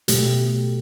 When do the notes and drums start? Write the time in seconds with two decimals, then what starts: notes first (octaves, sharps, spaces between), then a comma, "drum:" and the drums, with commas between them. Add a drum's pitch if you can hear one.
0.08 B2 F#3 A3 G4, drum: hi-hat